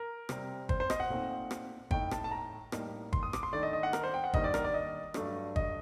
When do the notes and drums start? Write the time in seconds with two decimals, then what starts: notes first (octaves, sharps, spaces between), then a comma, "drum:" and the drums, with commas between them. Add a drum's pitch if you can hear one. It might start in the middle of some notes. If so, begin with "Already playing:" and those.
Already playing: A#4
0.29 C3 G3 C4, drum: rim click
0.69 C5, drum: kick
0.80 C5
0.90 D#5, drum: rim click
1.00 F#5
1.10 A#2 A3 C4 D#4
1.51 drum: rim click
1.91 A2 A3 D#4 G5, drum: kick
2.11 A5, drum: rim click
2.24 A5
2.32 A#5
2.72 A2 G3 A#3 D#4, drum: rim click
3.13 C6, drum: kick
3.23 D#6
3.33 D6, drum: rim click
3.43 C6
3.53 D#3 A3 D4 D5
3.63 D#5
3.73 D#5
3.83 F#5
3.93 A#4, drum: rim click
4.03 C5
4.14 G5
4.24 F#5
4.33 D#3 G3 A#3 D4 D#5, drum: kick
4.44 D5
4.54 A#4, drum: rim click
4.64 D5
4.74 D#5
5.14 G2 F#3 A3 D4, drum: rim click
5.56 D#5, drum: kick